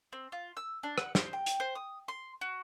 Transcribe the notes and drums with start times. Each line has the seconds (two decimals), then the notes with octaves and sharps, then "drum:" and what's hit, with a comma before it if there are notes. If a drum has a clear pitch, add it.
0.13 C4
0.32 F4
0.57 E6
0.83 D4
0.98 F#5, drum: rim click
1.15 C5, drum: snare
1.33 G5
1.46 drum: hi-hat
1.60 C5
1.75 D#6
2.08 C6
2.41 F#4